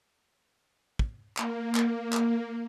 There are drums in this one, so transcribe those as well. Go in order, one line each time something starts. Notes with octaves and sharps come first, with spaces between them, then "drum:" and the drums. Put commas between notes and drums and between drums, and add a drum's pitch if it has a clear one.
drum: kick
A#3, drum: clap
drum: clap
drum: clap